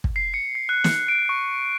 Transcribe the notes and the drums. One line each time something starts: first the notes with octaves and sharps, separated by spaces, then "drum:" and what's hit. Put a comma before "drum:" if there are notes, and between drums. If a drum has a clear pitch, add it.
drum: kick
C7
C#7
C7
F#6
drum: snare
D7
C#6